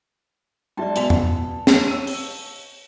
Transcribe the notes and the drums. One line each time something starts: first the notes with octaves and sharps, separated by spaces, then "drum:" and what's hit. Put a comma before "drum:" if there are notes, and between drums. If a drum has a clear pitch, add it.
G#2 F#3 C4 D5 E5 G5 A5 C6
B2 F#4 A4 D5 G#5 F7, drum: hi-hat
drum: tom E2
drum: snare
C#5 E6 D#7
drum: open hi-hat